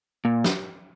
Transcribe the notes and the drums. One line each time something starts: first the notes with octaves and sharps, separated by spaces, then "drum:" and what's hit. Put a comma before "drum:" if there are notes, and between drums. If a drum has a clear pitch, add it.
A#2
drum: snare